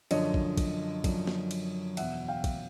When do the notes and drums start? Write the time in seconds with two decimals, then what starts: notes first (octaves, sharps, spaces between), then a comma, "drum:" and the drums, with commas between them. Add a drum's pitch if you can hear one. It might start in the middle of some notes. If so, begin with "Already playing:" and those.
0.11 F#2 D3 F3 C#5 D#5, drum: cymbal
0.34 drum: kick
0.58 drum: kick, cymbal
1.04 F#2 D3 F3, drum: kick, cymbal
1.27 drum: snare
1.51 drum: cymbal
1.97 E2 B2 E5 F#5, drum: cymbal
2.28 F5 G5
2.44 drum: kick, cymbal